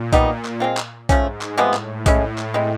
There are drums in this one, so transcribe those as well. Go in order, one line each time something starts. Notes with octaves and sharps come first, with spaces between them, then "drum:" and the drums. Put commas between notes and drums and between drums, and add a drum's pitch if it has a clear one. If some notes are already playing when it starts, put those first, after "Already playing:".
Already playing: A#2
G3 B3 D#4, drum: kick B1, hi-hat
drum: clap
G#3 C4 F4
drum: clap
G#2 F3 A3 C#4, drum: kick B1, hi-hat
drum: clap
A2 C3 F3 G#3 B3
drum: clap
A2 G#3 C#4 E4, drum: kick B1, hi-hat
drum: clap
G#3 C4 E4